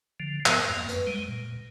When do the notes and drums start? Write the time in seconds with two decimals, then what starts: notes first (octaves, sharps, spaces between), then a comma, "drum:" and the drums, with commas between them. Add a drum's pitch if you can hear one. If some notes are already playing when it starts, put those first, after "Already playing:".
0.20 D3 F3
0.46 G#2 F3 B3 A#4 D#5 F5, drum: clap
0.68 F2 A#3
0.89 F#2 B4, drum: hi-hat
1.07 G3 G#3
1.29 A#2